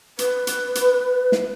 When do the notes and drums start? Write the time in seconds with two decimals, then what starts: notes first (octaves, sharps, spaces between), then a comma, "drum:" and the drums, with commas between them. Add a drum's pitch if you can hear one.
0.19 B4, drum: hi-hat
0.47 drum: hi-hat
0.75 drum: hi-hat
1.32 drum: snare